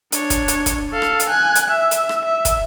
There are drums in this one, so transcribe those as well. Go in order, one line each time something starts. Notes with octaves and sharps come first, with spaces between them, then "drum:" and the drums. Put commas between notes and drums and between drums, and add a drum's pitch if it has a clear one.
D4 C#5, drum: hi-hat
drum: kick, hi-hat
drum: hi-hat
drum: kick, hi-hat
A4 F5
drum: rim click
drum: hi-hat
G#5 F#6
drum: hi-hat
E5
drum: hi-hat
drum: rim click
E5
drum: kick, hi-hat